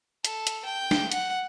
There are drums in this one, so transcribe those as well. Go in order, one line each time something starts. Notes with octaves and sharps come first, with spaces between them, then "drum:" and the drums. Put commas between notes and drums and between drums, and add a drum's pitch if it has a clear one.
A4, drum: hi-hat
drum: hi-hat
G5
drum: snare
F#5, drum: hi-hat